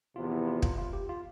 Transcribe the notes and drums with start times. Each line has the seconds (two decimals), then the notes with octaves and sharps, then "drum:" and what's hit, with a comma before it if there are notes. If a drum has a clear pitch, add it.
0.16 E2 C3 F3 B3 F4
0.32 E4
0.47 F4
0.62 F4, drum: kick
0.78 F4
0.93 G4
1.09 F4